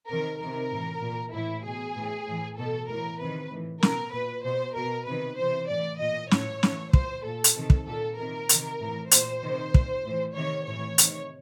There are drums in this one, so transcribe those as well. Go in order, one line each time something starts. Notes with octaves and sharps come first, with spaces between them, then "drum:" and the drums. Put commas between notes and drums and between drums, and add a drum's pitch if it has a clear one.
C3 D#3 A#4
C3 D#3 A#4
A2 E3
A#2
A2 E3 E4
B2 G#4
A2 E3
A2 E3
B2 A4
A2 E3 A#4
C3 D#3 B4
A2 E3
B2 A#4, drum: snare
A#2 B4
B2 C5
B2 A#4
C3 D#3 B4
C3 E3 C5
A2 E3 D5
A#2 D#5
A2 E3 C#5, drum: snare
A2 E3, drum: snare
A#2 C5, drum: kick
A#2 A4
drum: hi-hat
C3 D#3
drum: kick
A#2 A4
C3 D#3 A#4
C3 D#3, drum: hi-hat
A2 E3
A#2 C5, drum: hi-hat
C3 D#3
A#2, drum: kick
A2 E3
C3 D#3 C#5
A2 E3 C#5
C3 D#3, drum: hi-hat